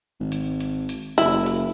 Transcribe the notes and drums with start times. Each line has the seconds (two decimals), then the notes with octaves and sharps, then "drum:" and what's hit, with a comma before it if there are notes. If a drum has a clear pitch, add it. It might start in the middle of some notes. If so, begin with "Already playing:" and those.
0.20 G#1
0.32 drum: hi-hat
0.61 drum: hi-hat
0.89 drum: hi-hat
1.18 F#1 E4, drum: hi-hat
1.46 drum: hi-hat